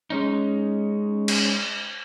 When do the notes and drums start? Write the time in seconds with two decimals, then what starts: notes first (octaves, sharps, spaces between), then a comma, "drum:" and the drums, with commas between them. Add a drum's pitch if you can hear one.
0.10 G#3 C#4 D#4
1.28 drum: cymbal